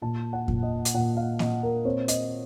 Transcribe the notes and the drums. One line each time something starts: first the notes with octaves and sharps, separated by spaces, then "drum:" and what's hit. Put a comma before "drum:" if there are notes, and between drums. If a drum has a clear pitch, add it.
A#2 A5
F#5
A#2, drum: kick F2
D#5
drum: hi-hat
A#2 F#5
F5
A#2 D#5, drum: snare A#3
A#4
C4 C#5
D#5, drum: hi-hat